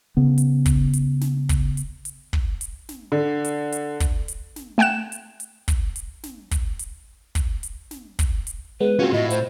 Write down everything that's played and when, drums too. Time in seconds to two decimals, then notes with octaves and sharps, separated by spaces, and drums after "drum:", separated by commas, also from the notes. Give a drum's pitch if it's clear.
0.17 C#3 B3
0.38 drum: hi-hat
0.66 drum: kick, hi-hat
0.93 drum: hi-hat
1.21 drum: snare
1.49 drum: kick, hi-hat
1.77 drum: hi-hat
2.05 drum: hi-hat
2.33 drum: kick
2.61 drum: hi-hat
2.89 drum: snare
3.12 D3
3.45 drum: hi-hat
3.72 drum: hi-hat
4.00 drum: kick, hi-hat
4.28 drum: hi-hat
4.56 drum: snare
4.78 A3 F#5 G5 F#6 E7
5.12 drum: hi-hat
5.40 drum: hi-hat
5.68 drum: kick, hi-hat
5.96 drum: hi-hat
6.23 drum: snare
6.51 drum: kick, hi-hat
6.79 drum: hi-hat
7.35 drum: kick, hi-hat
7.63 drum: hi-hat
7.91 drum: snare
8.19 drum: kick, hi-hat
8.47 drum: hi-hat
8.80 G#3 B3 B4
8.99 C4 C#4 F4 F#4
9.12 A2 D#5
9.30 C5, drum: hi-hat